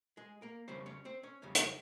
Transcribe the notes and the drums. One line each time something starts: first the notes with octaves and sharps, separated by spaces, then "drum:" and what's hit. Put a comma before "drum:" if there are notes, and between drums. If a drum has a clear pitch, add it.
G#3 G#4
A#3 A#4
F2 C#3 G3 C4 C#4 C5
C#4 C#5
C4 C5
C#4 C#5
F2 C#3 G3 C#4
drum: hi-hat